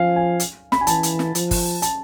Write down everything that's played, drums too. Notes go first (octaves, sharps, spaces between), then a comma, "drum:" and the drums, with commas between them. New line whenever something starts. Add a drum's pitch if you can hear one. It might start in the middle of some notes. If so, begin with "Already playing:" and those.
Already playing: F3 F5 G#5
G#5
drum: hi-hat
B5, drum: snare
G#5
E3 A5, drum: hi-hat
drum: hi-hat
drum: snare
F3, drum: hi-hat
drum: kick G1, open hi-hat
A5, drum: hi-hat